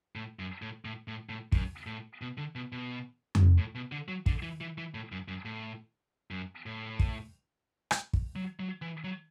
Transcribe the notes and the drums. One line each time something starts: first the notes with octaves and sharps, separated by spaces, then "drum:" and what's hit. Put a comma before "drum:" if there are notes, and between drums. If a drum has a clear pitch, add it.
A2
F#2
A2
A2
A2
A2
F#2, drum: kick
A2
B2
D3
B2
B2
drum: tom F2
A2
B2
D3
F#3
D3, drum: kick
E3
E3
E3
A2
F#2
F#2
A2
F#2
A2
drum: kick
drum: rim click
drum: kick
F#3
F#3
E3
F#3